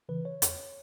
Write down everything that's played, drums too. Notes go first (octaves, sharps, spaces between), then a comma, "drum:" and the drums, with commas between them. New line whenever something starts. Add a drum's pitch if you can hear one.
C#3 E3 B4
C#5
E2, drum: hi-hat